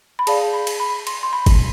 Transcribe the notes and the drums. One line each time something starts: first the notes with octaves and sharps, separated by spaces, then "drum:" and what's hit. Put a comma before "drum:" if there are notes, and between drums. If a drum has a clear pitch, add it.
B5
G#4 D5 F5 A5, drum: cymbal
B5
drum: cymbal
B5
C6, drum: cymbal
C6
B5
drum: kick G1, cymbal